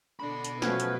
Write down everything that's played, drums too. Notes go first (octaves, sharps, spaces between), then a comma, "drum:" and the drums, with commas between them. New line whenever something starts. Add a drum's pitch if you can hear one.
B2 D3 D4 B5
drum: hi-hat
F3 F#3 A3 B3 C#4 B4 F6 G#6, drum: snare
drum: hi-hat